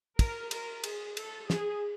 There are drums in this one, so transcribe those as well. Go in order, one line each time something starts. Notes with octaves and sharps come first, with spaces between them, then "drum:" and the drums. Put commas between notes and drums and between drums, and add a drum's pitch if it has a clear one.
A#4, drum: kick, cymbal
A#4, drum: cymbal
G#4, drum: cymbal
A4, drum: cymbal
G#4, drum: snare